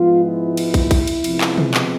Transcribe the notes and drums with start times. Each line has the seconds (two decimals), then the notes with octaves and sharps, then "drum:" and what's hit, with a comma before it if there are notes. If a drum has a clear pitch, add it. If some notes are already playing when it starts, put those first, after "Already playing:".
Already playing: G#2 F3 G#3 B3 F4
0.24 E4
0.57 drum: cymbal
0.74 drum: kick, cymbal
0.91 drum: kick, cymbal
1.07 drum: cymbal
1.24 C3 F3 G#3 B3, drum: cymbal
1.41 drum: clap
1.58 drum: tom
1.74 drum: clap